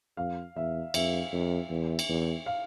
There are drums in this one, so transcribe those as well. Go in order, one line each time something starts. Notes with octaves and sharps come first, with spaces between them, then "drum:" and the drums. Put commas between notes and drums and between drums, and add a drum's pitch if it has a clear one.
F2 F5
E2 E5
F2 E5, drum: cymbal
F2
E2
drum: cymbal
E2
F5